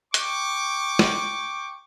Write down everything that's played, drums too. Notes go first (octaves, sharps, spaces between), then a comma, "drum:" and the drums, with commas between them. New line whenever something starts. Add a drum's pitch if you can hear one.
G5 C#6 D6, drum: hi-hat
drum: snare